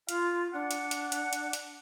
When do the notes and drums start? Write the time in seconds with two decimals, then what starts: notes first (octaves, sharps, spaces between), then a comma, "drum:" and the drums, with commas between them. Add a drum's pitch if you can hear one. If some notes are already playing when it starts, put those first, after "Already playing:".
0.09 F4 F5, drum: hi-hat
0.53 D4 F#5
0.71 drum: hi-hat
0.91 drum: hi-hat
1.12 drum: hi-hat
1.33 drum: hi-hat
1.53 drum: hi-hat